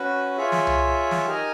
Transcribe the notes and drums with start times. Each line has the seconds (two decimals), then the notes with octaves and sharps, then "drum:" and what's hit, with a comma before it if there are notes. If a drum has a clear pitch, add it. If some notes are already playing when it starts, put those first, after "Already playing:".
Already playing: C#4 F#4 B4
0.37 F4 G#4 C#5 E5
0.52 drum: snare
0.67 drum: tom C2
1.11 drum: snare
1.26 D#4 G4 A#4 D#5 G#5